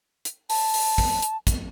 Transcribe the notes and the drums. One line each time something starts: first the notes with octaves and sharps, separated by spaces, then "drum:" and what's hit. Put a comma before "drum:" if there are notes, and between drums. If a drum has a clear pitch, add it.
drum: hi-hat
A5, drum: open hi-hat
drum: open hi-hat
drum: kick
drum: hi-hat
drum: kick, hi-hat